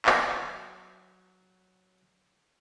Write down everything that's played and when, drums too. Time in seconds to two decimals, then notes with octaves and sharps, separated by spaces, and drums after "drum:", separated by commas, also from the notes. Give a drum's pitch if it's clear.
0.06 F#3 C#5 G#5, drum: clap